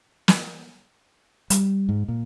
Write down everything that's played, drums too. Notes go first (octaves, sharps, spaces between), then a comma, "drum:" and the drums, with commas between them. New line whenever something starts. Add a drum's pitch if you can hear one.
drum: snare
G3, drum: hi-hat
G#2
A#2